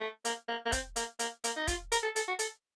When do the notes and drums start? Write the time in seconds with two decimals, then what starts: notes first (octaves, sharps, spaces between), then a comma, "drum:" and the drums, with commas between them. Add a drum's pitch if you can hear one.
0.01 A3
0.25 A#3, drum: hi-hat
0.49 A#3
0.66 A#3
0.72 C4, drum: kick, hi-hat
0.96 A#3, drum: hi-hat
1.19 A#3, drum: hi-hat
1.44 A#3, drum: hi-hat
1.57 D#4
1.68 F4, drum: kick, hi-hat
1.92 A#4, drum: hi-hat
2.03 A4
2.16 A4, drum: hi-hat
2.28 F#4
2.39 A4, drum: hi-hat